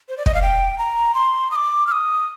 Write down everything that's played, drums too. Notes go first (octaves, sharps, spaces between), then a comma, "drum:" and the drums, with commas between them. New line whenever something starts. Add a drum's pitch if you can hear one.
C5
D5
D#5, drum: kick
F5
G5
A#5
C6
D#6
D6
F6
D#6